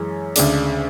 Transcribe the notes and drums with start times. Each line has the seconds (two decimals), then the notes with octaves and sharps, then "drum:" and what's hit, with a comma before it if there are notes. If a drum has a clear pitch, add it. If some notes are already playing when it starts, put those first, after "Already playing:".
Already playing: F#2 E3 G#3 C#4
0.36 D2 C#3 G#3 D4, drum: hi-hat